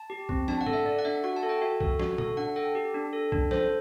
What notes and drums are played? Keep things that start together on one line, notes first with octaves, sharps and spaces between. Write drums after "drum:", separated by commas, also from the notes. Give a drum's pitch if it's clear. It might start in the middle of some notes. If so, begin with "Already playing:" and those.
Already playing: A5
G4
C4, drum: kick
D4 A5, drum: snare
F#5
A4, drum: tom G#2
E5
A4 D5
F#5
D4 E5
F#4 F#5
A5
A4
G5
F#4 E5
A4, drum: kick
F#4, drum: snare
A4, drum: tom A#2
D4 F#5
A4 G5
G4
D4
A4
D4, drum: kick
A4 C5, drum: snare